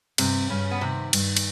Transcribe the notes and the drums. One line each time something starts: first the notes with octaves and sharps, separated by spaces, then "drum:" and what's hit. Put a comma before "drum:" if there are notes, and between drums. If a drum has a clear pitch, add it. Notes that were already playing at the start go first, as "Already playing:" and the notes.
G2 C3 C4, drum: cymbal
G2 C#3 C#4
B3
C3 D#3 C4
G2, drum: cymbal
drum: cymbal